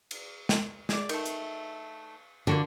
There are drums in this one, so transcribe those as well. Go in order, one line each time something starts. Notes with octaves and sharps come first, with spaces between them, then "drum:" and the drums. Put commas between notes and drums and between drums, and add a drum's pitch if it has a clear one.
drum: cymbal
drum: snare
G#4 D5, drum: snare
D#3 A3, drum: cymbal
drum: hi-hat
D3 A#3 F#4 G4